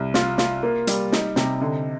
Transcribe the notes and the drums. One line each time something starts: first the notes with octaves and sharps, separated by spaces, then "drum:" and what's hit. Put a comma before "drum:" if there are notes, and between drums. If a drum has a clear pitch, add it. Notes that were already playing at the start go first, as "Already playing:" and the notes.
Already playing: C2
F4, drum: snare
F4, drum: snare
A#3
G3, drum: hi-hat
D#4, drum: snare
C3, drum: snare
D3